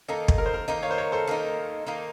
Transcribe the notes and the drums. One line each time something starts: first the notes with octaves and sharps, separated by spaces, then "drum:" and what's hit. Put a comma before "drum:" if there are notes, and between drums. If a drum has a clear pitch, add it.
D#3 A#3 D#4 A4
drum: kick
A#4
C5
A#4
D#3 A#3 D#4
C#5 F5
C5
A#4 C#5
A4 C5
D#3 A#3 D#4
D#3 A#3 D#4